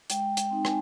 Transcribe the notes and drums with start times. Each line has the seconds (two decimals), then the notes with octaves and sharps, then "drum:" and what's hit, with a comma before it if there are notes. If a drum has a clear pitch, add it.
0.10 G#3 G5, drum: hi-hat
0.37 drum: hi-hat
0.50 C4 D#4
0.65 G#5, drum: rim click